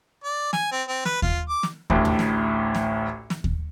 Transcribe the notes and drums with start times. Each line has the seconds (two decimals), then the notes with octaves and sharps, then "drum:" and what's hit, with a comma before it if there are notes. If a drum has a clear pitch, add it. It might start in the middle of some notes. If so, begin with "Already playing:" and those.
0.24 D5
0.53 G#5, drum: snare
0.72 C4
0.88 C4
1.05 B4, drum: snare
1.22 F4, drum: kick D#2
1.49 D6
1.63 drum: snare
1.90 A1 D2 A2, drum: kick D#2
2.05 drum: tom
2.19 drum: snare
2.75 drum: snare
3.30 drum: snare
3.44 drum: kick D#2